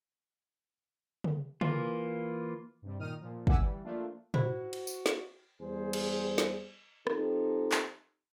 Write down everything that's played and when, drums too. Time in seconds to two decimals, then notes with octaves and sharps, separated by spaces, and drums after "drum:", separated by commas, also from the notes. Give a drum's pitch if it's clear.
1.24 drum: tom
1.61 E3 A#3 F4, drum: tom
2.82 G2 C3 G3
2.99 A#2 D#3 D#4 D#6 F6 D#7
3.21 A#2 F3
3.47 E5 F#5 G#5 D6 E6 B6, drum: kick
3.60 E3 G3
3.84 F3 A3 A#3 D4 F4
4.34 E4 F#4 C5, drum: tom
4.73 drum: cymbal
4.87 drum: tambourine
5.06 drum: snare
5.61 E2 G3 G#4 C5
5.93 drum: cymbal
6.38 drum: snare
7.07 F3 C4 D#4 G4 A4, drum: rim click
7.72 drum: clap